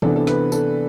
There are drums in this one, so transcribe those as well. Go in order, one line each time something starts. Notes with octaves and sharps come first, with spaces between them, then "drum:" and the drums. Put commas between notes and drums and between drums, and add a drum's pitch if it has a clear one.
C3 E3 B3 D4 A4, drum: tom
A4
B4, drum: snare
A4, drum: tambourine